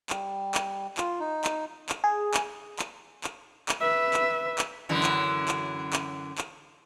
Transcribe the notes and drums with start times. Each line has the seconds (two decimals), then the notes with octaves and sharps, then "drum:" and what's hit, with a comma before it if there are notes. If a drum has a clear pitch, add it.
0.10 G3, drum: clap
0.55 drum: clap
0.97 F4, drum: clap
1.20 D#4
1.44 drum: clap
1.89 drum: clap
2.04 G#4
2.34 drum: clap
2.79 drum: clap
3.24 drum: clap
3.69 drum: clap
3.81 B4 E5
4.14 drum: clap
4.59 drum: clap
4.89 F#2 D3 E3
5.03 drum: clap
5.48 drum: clap
5.93 drum: clap
6.38 drum: clap